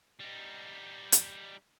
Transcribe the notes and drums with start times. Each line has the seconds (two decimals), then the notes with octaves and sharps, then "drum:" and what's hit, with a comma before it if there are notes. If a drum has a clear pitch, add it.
0.20 G3 D#4
1.12 drum: hi-hat